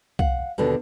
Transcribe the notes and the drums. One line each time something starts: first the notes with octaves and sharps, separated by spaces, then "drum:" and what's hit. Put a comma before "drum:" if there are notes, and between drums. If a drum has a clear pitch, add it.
F5 F#5, drum: kick
D#2 B2 D3 D4